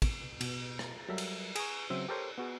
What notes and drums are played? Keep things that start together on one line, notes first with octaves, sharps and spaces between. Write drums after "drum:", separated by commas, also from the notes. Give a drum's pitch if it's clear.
drum: kick, cymbal
B2, drum: cymbal
drum: rim click
F#3 G3 A4 A#4 E5
drum: cymbal
G#4 G#5 A#5 C#6, drum: cymbal
C#3 F#3 C4 C5 E5 E6
G4 A4 A#4 C5 C#5
B3 F#4 G#4